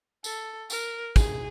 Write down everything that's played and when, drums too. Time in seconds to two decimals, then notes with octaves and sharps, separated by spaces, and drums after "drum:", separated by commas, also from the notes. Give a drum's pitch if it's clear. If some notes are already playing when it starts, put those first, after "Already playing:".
0.24 A4, drum: tambourine
0.70 A#4, drum: tambourine
1.16 G#4, drum: kick, tambourine